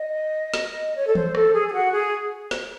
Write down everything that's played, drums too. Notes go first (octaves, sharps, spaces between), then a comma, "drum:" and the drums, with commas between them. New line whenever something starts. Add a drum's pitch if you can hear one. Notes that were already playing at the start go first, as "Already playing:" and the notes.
Already playing: D#5
drum: snare
C#5
A4
C5, drum: tom
A4, drum: rim click
G#4
G#4
F#4
G#4
drum: snare